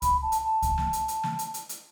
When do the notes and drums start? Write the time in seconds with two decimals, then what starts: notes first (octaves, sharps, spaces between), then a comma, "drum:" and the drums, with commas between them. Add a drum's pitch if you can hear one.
0.02 B5, drum: kick C#2, hi-hat
0.22 A5
0.32 drum: hi-hat
0.43 A5
0.62 drum: kick C#2, hi-hat
0.78 drum: snare
0.93 drum: hi-hat
1.08 drum: hi-hat
1.23 drum: snare
1.39 drum: hi-hat
1.54 drum: hi-hat
1.69 drum: hi-hat